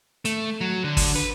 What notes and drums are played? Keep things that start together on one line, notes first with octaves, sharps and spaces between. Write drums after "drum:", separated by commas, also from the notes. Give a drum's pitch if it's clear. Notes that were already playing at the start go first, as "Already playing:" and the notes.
A3, drum: hi-hat
F#3
D3
drum: kick, open hi-hat
B4